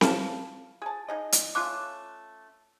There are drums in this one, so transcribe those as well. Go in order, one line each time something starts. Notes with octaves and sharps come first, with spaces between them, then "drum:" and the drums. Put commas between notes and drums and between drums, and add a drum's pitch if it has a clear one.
F4 A5, drum: snare C4
G#4 A5
D#4 G#4 D#5
drum: hi-hat
A3 C#4 F4 D6 F#6